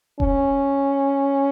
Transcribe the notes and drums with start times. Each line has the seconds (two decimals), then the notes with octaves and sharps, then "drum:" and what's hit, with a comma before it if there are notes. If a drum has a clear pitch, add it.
0.20 C#4, drum: kick E1